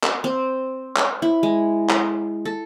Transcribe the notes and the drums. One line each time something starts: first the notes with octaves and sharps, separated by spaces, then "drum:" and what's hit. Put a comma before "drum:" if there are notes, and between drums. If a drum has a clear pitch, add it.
drum: clap
C4
drum: clap
E4
G#3
drum: clap
A4